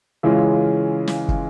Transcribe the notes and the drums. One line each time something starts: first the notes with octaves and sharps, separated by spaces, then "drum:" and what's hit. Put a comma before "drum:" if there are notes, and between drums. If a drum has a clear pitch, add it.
C#3 E3 G#3 C#4 F4
drum: snare
drum: kick